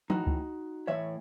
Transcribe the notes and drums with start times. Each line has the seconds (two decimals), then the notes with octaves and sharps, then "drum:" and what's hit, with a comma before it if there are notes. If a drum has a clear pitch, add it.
0.10 A2 E3 D#4 F#4, drum: tom F3
0.27 drum: kick C#2
0.87 A2 E3 C#5 E5